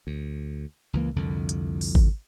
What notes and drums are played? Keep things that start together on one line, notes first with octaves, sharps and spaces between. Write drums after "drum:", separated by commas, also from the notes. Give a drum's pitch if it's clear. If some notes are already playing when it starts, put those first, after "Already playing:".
D2
C#2 E3 A#3
C2 F2 D3
drum: hi-hat
drum: open hi-hat
drum: kick G#1